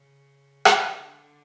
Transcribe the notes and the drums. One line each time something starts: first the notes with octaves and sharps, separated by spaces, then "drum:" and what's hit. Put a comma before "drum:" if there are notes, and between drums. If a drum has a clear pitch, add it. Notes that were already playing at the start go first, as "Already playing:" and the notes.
Already playing: C#3
D3, drum: rim click